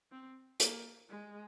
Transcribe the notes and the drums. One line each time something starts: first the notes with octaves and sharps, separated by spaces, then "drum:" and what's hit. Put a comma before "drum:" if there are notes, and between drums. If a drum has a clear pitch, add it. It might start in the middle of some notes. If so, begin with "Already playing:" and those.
C4
A#3, drum: hi-hat
G#3